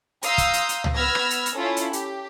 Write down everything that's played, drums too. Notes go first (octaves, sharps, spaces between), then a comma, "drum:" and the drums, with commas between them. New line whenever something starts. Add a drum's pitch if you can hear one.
F5 A#5 C6 D#6 E6 G6, drum: hi-hat
drum: kick, hi-hat
drum: hi-hat
drum: hi-hat
drum: tom C#2
B3 B5 E6 F6 G#6 A#6
drum: rim click
drum: hi-hat
drum: hi-hat
C#4 E4 F4 A4
drum: hi-hat
G4, drum: hi-hat